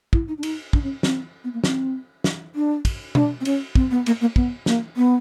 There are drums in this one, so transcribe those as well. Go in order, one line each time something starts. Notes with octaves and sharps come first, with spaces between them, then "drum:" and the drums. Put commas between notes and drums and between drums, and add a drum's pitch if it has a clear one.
E4, drum: kick
D#4
D4
D#4, drum: cymbal
D4, drum: kick
C#4
C4, drum: snare
B3
A#3
C4, drum: snare
drum: snare
D4
drum: kick, cymbal
D4, drum: tom B2
C4
C#4, drum: cymbal
C4, drum: kick
B3
A#3, drum: cymbal
A#3
B3, drum: kick
A#3, drum: snare
B3